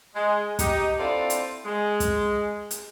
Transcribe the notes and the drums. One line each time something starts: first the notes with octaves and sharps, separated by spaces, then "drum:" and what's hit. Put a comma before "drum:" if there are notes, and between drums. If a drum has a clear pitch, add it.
G#3
D#4 G4, drum: kick, hi-hat
C4 D4 E4 F4 A4 D5
drum: hi-hat
G#3
drum: kick, hi-hat
drum: hi-hat